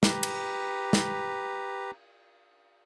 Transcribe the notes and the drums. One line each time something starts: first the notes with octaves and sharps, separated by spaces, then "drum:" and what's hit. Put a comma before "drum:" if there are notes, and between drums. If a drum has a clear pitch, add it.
G4 B4 A#5, drum: snare
drum: cymbal
drum: snare